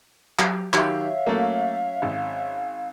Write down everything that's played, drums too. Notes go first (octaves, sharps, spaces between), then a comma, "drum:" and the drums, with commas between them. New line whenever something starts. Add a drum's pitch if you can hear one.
F#3 G4, drum: clap
D#3 F#3 G4 C#5 E5 F5, drum: clap
F#3 A3 A#3 C#4
G#1